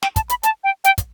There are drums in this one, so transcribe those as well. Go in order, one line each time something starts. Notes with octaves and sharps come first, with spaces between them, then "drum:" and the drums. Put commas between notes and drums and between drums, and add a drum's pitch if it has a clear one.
G5, drum: snare
A5, drum: kick, hi-hat
B5, drum: hi-hat
A5, drum: hi-hat
G5
G5, drum: hi-hat
drum: kick, hi-hat